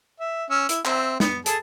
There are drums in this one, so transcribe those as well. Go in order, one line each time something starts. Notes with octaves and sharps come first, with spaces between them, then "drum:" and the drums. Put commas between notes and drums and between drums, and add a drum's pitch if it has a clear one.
E5
C#4 E6
E4, drum: hi-hat
C4 E5, drum: clap
B3, drum: snare
G#4 A4 A5, drum: hi-hat